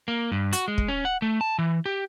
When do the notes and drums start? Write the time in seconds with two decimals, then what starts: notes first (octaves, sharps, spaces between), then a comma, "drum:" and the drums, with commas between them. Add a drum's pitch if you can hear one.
0.08 A#3
0.32 G2
0.53 F#4, drum: hi-hat
0.68 G#3
0.78 drum: kick
0.88 C#4
1.05 F#5
1.22 A3
1.41 A5
1.59 E3
1.86 G4